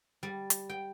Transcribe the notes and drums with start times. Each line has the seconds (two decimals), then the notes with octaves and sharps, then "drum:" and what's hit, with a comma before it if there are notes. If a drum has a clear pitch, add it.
0.23 G3
0.50 drum: hi-hat
0.69 G5